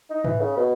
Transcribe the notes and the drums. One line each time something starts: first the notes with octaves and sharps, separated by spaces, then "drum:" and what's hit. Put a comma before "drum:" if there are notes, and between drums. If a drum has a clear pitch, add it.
D#4
E3, drum: tom G#2
C#3
B2